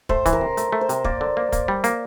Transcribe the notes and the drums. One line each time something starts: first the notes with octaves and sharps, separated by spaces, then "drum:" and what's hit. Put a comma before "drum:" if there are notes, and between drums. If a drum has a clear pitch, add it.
A3 C5, drum: kick
E3, drum: kick, hi-hat
A#4
C3
A3, drum: hi-hat
A3
C5
C3, drum: hi-hat
A#3 D5, drum: kick
D3
A#3
A#3, drum: kick, hi-hat
G3
A#3, drum: hi-hat